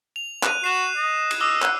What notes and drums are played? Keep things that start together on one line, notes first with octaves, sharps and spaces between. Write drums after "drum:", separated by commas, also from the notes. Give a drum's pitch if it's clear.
F7
F#6 D#7, drum: clap
F#4 C7 E7
D#5
drum: cymbal
D#5 D6 E6
F#5, drum: clap